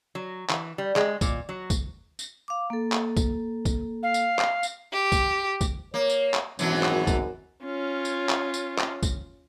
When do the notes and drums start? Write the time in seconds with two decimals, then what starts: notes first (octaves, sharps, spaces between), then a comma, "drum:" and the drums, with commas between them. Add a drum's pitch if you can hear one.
0.15 F#3
0.50 E3, drum: clap
0.78 G3
0.96 G#3, drum: clap
1.21 A#2, drum: kick, tambourine
1.49 F#3
1.70 drum: kick, tambourine
2.19 drum: tambourine
2.48 F5 D6
2.70 A#3 A4
2.92 drum: clap
3.17 drum: kick, tambourine
3.65 drum: kick, tambourine
4.03 F5
4.14 drum: tambourine
4.39 drum: clap
4.63 drum: tambourine
4.92 G4
5.12 drum: kick, tambourine
5.61 drum: kick, tambourine
5.94 A#3 C#5
6.10 drum: tambourine
6.34 drum: clap
6.59 G#1 F#2 B2 E3 F#3, drum: tambourine
6.83 drum: clap
7.07 drum: kick, tambourine
7.64 C#4 F4
8.05 drum: tambourine
8.29 drum: clap
8.54 drum: tambourine
8.78 drum: clap
9.03 drum: kick, tambourine